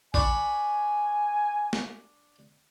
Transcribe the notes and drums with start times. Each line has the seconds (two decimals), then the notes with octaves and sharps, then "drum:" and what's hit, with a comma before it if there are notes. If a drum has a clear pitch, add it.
0.14 D4 G#5 B5 C#6, drum: kick A1
1.73 drum: snare